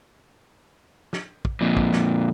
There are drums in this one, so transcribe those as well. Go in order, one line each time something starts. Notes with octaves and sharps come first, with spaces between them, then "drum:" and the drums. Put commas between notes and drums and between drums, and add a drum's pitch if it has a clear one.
drum: snare
drum: kick
F2 A#2
drum: kick
drum: snare